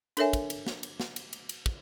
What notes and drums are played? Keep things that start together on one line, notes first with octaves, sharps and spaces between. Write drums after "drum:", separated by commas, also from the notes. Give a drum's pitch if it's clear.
D4 A4 A#4 C#5 E5 G#5, drum: cymbal
drum: kick, cymbal
drum: cymbal
drum: snare
drum: cymbal
drum: snare
drum: cymbal
drum: cymbal
drum: cymbal
drum: kick